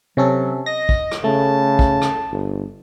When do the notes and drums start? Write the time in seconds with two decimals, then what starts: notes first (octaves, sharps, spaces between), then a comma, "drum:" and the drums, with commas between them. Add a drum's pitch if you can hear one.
0.17 C3 F#3 C#4 A4
0.66 D#5 A#6
0.89 drum: kick A#1
1.11 drum: rim click
1.24 C#3 A3 A5
1.79 drum: kick A#1
2.02 drum: rim click
2.31 G1